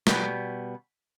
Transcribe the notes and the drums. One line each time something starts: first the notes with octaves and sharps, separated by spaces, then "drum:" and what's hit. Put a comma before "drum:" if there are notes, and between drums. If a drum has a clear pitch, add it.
B2 G3 B3, drum: snare